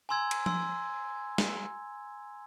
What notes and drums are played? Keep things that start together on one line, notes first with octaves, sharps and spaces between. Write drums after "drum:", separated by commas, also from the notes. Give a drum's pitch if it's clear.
G#5 A#5 C6 E6 G#6
drum: cymbal
C6 E6, drum: tom F3
drum: snare